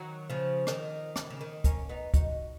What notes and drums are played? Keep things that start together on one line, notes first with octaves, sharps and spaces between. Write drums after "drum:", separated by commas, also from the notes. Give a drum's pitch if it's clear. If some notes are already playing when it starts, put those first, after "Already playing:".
Already playing: D#3 F#3
C#3 F3
D#3, drum: rim click
drum: rim click
C#3
D#3
A#3 C#4, drum: kick, hi-hat
B3 D#4
D#4 F#4, drum: kick, hi-hat